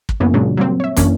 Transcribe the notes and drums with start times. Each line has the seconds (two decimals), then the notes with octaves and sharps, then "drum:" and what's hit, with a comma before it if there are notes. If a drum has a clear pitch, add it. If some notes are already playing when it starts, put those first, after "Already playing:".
0.09 drum: kick
0.20 F#2 C#3 E3 A#3 B3 C#4
0.34 A#2 C#3 F#3 G#3 D4
0.57 F#3 G3 A#3 C4
0.80 C#5 E5
0.97 F#2 E3 A#3 C#4 D4, drum: kick, hi-hat